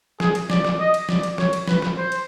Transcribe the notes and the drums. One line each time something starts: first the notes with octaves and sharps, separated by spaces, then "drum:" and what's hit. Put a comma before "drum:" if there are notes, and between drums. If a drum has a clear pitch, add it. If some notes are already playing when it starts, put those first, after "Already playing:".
G#4, drum: snare
drum: cymbal
D5, drum: snare
drum: snare
D#5
drum: cymbal
D5, drum: snare
drum: cymbal
C#5, drum: snare
drum: cymbal
B4, drum: snare
drum: snare
C5
drum: cymbal